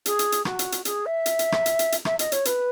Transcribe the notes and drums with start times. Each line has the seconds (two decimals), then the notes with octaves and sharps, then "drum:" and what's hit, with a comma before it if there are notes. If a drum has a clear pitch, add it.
0.06 G#4, drum: hi-hat
0.19 drum: hi-hat
0.32 drum: hi-hat
0.45 F#4, drum: rim click
0.59 drum: hi-hat
0.72 drum: hi-hat
0.85 G#4, drum: hi-hat
1.05 E5
1.26 drum: hi-hat
1.39 drum: hi-hat
1.52 drum: rim click
1.66 drum: hi-hat
1.79 drum: hi-hat
1.92 drum: hi-hat
2.05 E5, drum: rim click
2.19 D#5, drum: hi-hat
2.32 C#5, drum: hi-hat
2.45 B4, drum: hi-hat